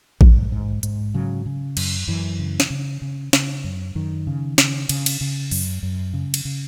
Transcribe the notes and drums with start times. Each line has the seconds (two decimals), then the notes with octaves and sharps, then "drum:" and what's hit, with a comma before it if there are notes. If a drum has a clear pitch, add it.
0.21 G#2, drum: kick A1
0.52 G#2
0.83 G#2, drum: hi-hat
1.14 C#3 F#3
1.46 C#3
1.77 F#2, drum: cymbal
2.08 F#2 E3
2.39 C#3
2.60 drum: snare
2.70 C#3
3.02 C#3
3.33 C#3, drum: snare
3.64 F#2
3.95 F#2 D#3
4.27 C#3
4.58 C#3, drum: snare
4.89 C#3, drum: cymbal
5.06 drum: cymbal
5.21 C#3
5.51 F#2, drum: open hi-hat
5.83 F#2
6.13 C#3
6.34 drum: cymbal
6.45 C#3